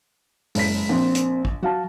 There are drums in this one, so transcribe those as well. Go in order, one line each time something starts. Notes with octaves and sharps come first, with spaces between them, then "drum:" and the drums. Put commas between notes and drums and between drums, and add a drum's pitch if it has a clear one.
F#1 G#3 B6, drum: open hi-hat
A#1 A#3 C4 C5
drum: hi-hat
drum: kick
F#3 F#4 F5 A5